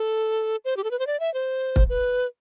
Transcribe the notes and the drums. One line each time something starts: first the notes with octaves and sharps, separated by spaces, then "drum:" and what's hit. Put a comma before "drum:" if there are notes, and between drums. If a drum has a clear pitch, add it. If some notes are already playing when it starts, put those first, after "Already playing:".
Already playing: A4
C5
G4
A4
B4
C5
D5
E5
C5
drum: kick
B4